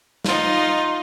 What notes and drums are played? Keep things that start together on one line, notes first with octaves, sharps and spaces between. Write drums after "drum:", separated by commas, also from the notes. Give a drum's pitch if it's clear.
D#4 F4, drum: snare